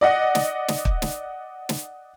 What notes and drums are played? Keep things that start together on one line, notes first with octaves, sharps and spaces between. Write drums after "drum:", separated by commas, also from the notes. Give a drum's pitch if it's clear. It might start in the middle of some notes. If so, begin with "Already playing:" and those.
D5 D#5 F#5
drum: snare
drum: snare
drum: kick
drum: snare
drum: snare